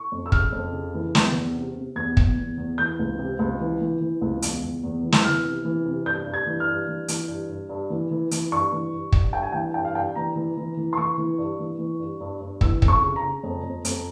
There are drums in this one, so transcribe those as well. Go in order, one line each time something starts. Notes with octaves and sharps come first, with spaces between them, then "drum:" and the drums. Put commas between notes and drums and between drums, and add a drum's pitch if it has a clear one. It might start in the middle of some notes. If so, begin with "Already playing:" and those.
Already playing: C#6
F2
E6
C#3 F6, drum: kick
F2
C#3
E3
E2, drum: snare
E2
C3
C3
E2 G#6
E2, drum: kick
E2
E2
E3 G6
C#2
C3
C#2
E3
E3
E3
C#2
E2, drum: hi-hat
E2
E2
E3
E6, drum: snare
E3 F6
C3
E3
C3
G2 G6
G2
G#6
E3
F6
G2
E3
E3, drum: hi-hat
G2
G2
G2
E3
E3
E3, drum: hi-hat
G2 C#6
E3
G2
G2, drum: kick
G2 G5
G#5
E3 G5
G2 G5
F5
G2 G5
E3 A#5
E3
E3
E3
C6
E3 C#6
E3
G2
E3
E3
G2
G2
G2
E3 E6, drum: kick
F2, drum: kick
C#6
C#3
A#5
C#3
F2
F2
F2, drum: hi-hat